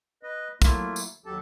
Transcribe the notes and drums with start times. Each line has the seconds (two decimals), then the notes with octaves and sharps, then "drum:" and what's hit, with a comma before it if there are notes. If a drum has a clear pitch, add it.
0.23 B4 D#5
0.62 F#3 A3 A#3 E4 F4, drum: kick, tambourine
0.96 drum: tambourine
1.26 D#2 F#3 G4 A4 A5